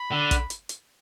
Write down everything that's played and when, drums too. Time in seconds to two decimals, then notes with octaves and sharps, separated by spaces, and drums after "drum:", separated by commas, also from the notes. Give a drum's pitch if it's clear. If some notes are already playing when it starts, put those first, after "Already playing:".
Already playing: B5
0.12 D3
0.31 drum: kick, hi-hat
0.50 drum: hi-hat
0.69 drum: hi-hat